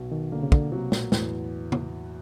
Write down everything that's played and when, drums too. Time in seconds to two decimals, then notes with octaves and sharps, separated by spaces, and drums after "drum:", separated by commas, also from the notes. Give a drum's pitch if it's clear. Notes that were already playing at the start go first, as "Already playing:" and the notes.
Already playing: B1 B2
0.12 D#3
0.32 D3 A#3
0.43 C#3
0.52 D3, drum: kick
0.72 C3 F#3
0.92 A#2, drum: snare
1.12 E2 A2, drum: snare
1.72 drum: tom C#3